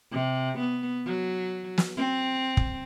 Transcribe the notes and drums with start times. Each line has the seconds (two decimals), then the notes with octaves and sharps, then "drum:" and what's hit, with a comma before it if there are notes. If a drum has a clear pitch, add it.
0.11 C3
0.58 B3
1.06 F#3
1.78 drum: snare
1.97 C4
2.57 drum: kick